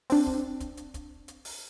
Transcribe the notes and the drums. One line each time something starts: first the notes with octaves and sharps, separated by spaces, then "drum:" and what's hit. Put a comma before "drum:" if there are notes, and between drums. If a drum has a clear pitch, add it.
C4 D4, drum: open hi-hat
drum: kick
drum: kick, hi-hat
drum: hi-hat
drum: kick, hi-hat
drum: hi-hat
drum: open hi-hat